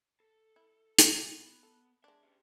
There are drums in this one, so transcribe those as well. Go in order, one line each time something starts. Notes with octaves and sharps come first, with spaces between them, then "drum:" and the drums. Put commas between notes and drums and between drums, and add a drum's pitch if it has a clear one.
A4
E4
drum: hi-hat
B3
A4
G#3 D4 E5
C#4 G4